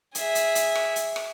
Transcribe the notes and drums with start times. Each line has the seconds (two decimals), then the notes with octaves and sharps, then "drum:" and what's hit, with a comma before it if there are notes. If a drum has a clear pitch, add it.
0.15 G#4 E5, drum: hi-hat
0.35 drum: hi-hat
0.55 drum: hi-hat
0.75 drum: rim click
0.96 drum: hi-hat
1.16 drum: rim click